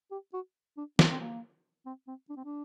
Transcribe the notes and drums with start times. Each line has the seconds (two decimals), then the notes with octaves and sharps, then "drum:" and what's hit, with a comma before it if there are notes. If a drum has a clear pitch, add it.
0.11 G4
0.33 F#4
0.77 D4
0.99 C4, drum: snare
1.11 C4
1.21 A#3
1.86 C4
2.08 C4
2.30 D4
2.37 C4
2.45 D4